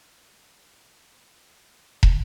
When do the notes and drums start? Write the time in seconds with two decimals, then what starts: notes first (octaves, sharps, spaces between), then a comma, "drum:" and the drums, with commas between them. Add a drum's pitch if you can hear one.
0.15 E4 F4 B4
2.03 drum: kick